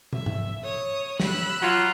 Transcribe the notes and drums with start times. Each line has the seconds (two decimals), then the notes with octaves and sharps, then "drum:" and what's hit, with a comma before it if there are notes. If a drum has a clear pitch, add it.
0.13 E5, drum: tom
0.26 drum: tom
0.62 C#5 D#6
1.20 B5 E6 F#6, drum: snare
1.62 F#3 F4